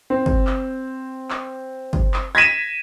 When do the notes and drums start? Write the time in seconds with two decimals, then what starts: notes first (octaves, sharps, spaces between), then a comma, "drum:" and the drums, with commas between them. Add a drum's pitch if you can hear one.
0.10 C4
0.26 drum: kick
0.47 drum: clap
1.30 drum: clap
1.93 drum: kick
2.14 drum: clap
2.35 G#6 A#6 B6 D#7 E7